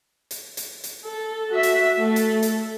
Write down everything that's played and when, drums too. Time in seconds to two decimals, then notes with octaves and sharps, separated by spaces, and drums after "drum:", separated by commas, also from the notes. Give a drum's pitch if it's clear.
0.31 drum: hi-hat
0.57 drum: hi-hat
0.84 drum: hi-hat
1.05 A4
1.50 F#4 E5
1.63 drum: hi-hat
1.98 A3 A4
2.16 drum: hi-hat
2.43 drum: hi-hat